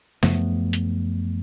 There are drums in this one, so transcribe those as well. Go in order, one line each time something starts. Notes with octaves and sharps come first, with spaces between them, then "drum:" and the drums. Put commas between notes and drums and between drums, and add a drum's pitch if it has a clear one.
F#2 F3 A3 B3, drum: snare C#3
drum: hi-hat